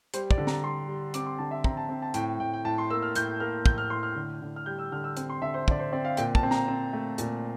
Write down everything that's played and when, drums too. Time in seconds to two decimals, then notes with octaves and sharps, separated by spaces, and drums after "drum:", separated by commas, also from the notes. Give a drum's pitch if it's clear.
0.14 G3 C5, drum: hi-hat
0.31 D5, drum: kick
0.38 D3
0.47 A#5, drum: snare
0.63 G3 C6
0.88 G3
1.14 C4 D6, drum: hi-hat
1.26 C6
1.38 D3 A5
1.51 E5
1.64 C4 A#5, drum: kick
1.77 A5
1.89 C4
2.02 A5
2.14 A2 G5, drum: hi-hat
2.39 A2 G5
2.53 G5
2.65 A2 A5
2.78 C6
2.90 A#3 E6
3.02 F6
3.15 A2 G6, drum: hi-hat
3.40 A#3 F6
3.66 A2 G6, drum: kick
3.78 F6
3.90 A2 C6
4.03 F6
4.15 D3
4.42 D3
4.56 F6
4.66 G3 G6
4.79 E6
4.92 D3 F6
5.04 E6
5.17 C4, drum: hi-hat
5.30 C6
5.42 D3 E5
5.54 C5
5.68 D3 D5, drum: kick
5.79 C5
5.92 C4 D5
6.05 F5
6.17 A#2 G5, drum: hi-hat
6.35 A5, drum: kick
6.43 C4
6.51 A#5, drum: snare
6.68 C4
6.93 A3
7.18 A#2, drum: hi-hat